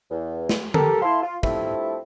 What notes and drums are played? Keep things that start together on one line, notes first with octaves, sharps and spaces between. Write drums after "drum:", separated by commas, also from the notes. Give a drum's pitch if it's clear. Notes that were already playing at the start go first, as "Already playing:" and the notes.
E2
drum: snare
G4 A4 A#4, drum: tom
A3 E4 F5 A5 C6
F4
G2 F3 A3 C4 E4, drum: kick